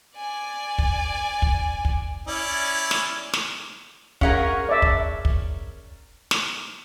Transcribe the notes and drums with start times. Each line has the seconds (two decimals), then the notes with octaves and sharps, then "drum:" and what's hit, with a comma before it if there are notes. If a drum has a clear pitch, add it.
0.17 D5 G#5
0.78 drum: kick
1.42 drum: kick
1.85 drum: kick
2.27 C#4 E4 D5
2.91 drum: snare
3.33 drum: snare
4.21 C#4 G#4 A#4 F5 F#5, drum: kick
4.69 D5 E5
4.82 drum: kick
5.25 drum: kick
6.31 drum: snare